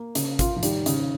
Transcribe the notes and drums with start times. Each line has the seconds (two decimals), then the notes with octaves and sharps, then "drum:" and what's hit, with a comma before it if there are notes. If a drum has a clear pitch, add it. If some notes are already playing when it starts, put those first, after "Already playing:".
Already playing: A#3
0.15 C#3, drum: hi-hat
0.39 F4, drum: kick, hi-hat
0.56 F3
0.63 D#3 G3, drum: hi-hat
0.86 C#3, drum: hi-hat